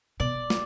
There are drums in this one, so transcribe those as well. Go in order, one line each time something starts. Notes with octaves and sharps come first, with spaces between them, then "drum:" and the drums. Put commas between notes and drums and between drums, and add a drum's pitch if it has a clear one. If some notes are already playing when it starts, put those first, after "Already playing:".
B2 D5
drum: snare